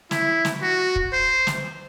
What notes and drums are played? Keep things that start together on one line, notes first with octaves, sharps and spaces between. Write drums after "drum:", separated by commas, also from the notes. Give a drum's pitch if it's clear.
E4, drum: snare
drum: snare
F#4
drum: kick
C5
drum: snare